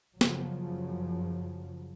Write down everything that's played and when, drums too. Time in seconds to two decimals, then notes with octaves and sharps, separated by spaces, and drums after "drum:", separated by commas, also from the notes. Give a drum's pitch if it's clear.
0.21 F#1 F#2 C#3 F3 F#3, drum: snare